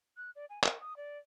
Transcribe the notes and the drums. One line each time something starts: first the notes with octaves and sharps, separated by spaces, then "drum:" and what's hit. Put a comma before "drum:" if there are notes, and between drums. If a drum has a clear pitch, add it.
F#6
D5
G#5
A#4, drum: clap
D#6
D5